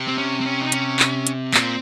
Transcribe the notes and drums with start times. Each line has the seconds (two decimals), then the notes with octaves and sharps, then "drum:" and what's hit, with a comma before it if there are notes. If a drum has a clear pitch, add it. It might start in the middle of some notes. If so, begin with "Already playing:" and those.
Already playing: C3
0.08 C4
0.18 C#4
0.41 C4
0.46 C#4
0.61 D#4
0.72 C#4, drum: hi-hat
0.99 drum: clap
1.27 drum: hi-hat
1.54 A#2 C4, drum: clap